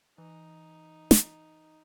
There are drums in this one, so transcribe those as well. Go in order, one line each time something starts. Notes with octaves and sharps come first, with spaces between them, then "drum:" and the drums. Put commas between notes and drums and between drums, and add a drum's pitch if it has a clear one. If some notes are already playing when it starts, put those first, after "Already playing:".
E3 D#4
drum: snare